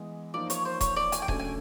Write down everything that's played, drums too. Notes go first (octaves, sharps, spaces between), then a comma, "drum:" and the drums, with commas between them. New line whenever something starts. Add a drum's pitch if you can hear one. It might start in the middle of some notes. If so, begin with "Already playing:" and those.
Already playing: E3 G#3 B3 D#5
F3 A#3 D#4 D5
C#5, drum: hi-hat
C5
C#5, drum: kick D#1, hi-hat
D5
G#5, drum: hi-hat
G5
C#3 F#3 A3 D4 G#5, drum: kick D#1
G#5